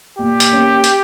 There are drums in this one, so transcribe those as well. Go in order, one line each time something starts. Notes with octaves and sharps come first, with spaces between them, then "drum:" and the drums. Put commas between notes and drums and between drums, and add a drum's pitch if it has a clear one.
A#2 G4
drum: hi-hat
A#3 C#4
drum: hi-hat